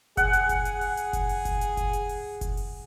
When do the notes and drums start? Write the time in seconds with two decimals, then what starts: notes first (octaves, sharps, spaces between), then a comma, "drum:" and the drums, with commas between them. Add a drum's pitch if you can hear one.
0.17 G#4 F#5, drum: kick F#1, hi-hat
0.33 drum: hi-hat
0.49 drum: kick F#1, hi-hat
0.65 drum: hi-hat
0.81 drum: open hi-hat
0.97 drum: hi-hat
1.13 drum: kick F#1, hi-hat
1.29 drum: open hi-hat
1.45 drum: kick F#1, hi-hat
1.61 drum: hi-hat
1.77 drum: kick F#1, hi-hat
1.93 drum: hi-hat
2.09 drum: open hi-hat
2.41 drum: kick F#1, hi-hat
2.57 drum: open hi-hat